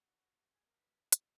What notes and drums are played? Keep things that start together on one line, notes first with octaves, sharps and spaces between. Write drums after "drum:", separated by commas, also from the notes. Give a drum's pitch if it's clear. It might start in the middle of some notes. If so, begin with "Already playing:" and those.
Already playing: F#4
G#4
A#4
B4
drum: hi-hat